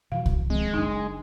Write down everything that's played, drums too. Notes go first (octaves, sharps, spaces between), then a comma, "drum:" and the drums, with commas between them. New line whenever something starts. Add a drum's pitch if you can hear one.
B2 E3 F#3 F5
drum: kick C2
D#3 F3 G#3 C4
F#1 F#2 D4 D#4